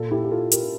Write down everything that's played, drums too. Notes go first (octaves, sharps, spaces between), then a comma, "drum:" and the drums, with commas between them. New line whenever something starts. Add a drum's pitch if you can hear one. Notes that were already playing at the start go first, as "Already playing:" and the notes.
Already playing: A#2 F4 A4
E4 G4
G4
F4 A4
G4 A#4, drum: hi-hat